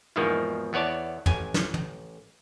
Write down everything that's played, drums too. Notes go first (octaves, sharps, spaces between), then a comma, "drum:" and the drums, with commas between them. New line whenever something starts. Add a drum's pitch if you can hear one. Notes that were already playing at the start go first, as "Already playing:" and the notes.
E2 G#2 B2 D#3 F3 A#3
E2 B3 C#5 D5 A5
A1 G#5, drum: tom
drum: snare
drum: tom